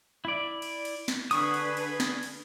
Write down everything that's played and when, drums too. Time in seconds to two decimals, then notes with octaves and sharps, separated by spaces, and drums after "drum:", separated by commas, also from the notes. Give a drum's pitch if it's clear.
0.25 E4 D5
0.62 drum: cymbal
0.85 drum: cymbal
1.08 drum: snare
1.31 D3 D4 G#4 B4 C#6 D#6, drum: cymbal
1.54 drum: cymbal
1.77 drum: cymbal
2.00 drum: snare
2.23 drum: cymbal